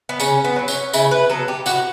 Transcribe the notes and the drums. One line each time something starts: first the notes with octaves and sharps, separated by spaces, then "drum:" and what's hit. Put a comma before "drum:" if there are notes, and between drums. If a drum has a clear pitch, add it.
B3
C#3 C#4, drum: tambourine
B3
F#3 B3
C#4, drum: tambourine
C#3 E4, drum: tambourine
B4
F#3 B3 A4
G4
A2 F#4, drum: tambourine